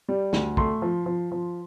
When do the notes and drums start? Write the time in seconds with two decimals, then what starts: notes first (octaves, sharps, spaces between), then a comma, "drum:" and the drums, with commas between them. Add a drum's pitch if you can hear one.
0.09 G3
0.33 D2, drum: snare
0.57 A3 C6, drum: kick
0.82 F3
1.06 F3
1.31 F3